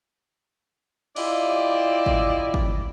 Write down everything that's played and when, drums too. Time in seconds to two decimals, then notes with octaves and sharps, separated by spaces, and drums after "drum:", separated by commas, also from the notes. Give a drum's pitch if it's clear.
1.16 E4 F4 G4 D5 D#5, drum: open hi-hat
2.06 drum: kick
2.54 drum: kick